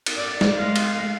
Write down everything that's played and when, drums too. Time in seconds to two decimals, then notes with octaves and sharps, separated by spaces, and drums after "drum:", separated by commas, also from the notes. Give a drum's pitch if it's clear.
0.06 drum: cymbal
0.17 D5
0.41 drum: snare
0.58 G#3 F5
0.76 drum: cymbal